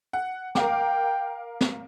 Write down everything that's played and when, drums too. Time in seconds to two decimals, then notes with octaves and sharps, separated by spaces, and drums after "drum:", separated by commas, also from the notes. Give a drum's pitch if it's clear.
0.13 F#5
0.55 A#4 F5 G5 D6, drum: snare
1.61 drum: snare